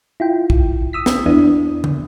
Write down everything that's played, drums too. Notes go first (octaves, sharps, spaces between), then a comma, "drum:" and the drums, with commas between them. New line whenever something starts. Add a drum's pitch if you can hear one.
E4 F4 G5
drum: kick
D#6 E6 B6
drum: snare
E2 B3 D4 E4 D#6
drum: tom D3